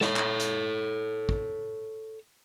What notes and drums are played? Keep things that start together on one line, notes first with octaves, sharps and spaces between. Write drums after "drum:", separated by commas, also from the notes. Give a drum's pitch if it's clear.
A4 C#5, drum: snare
drum: clap
drum: hi-hat
drum: kick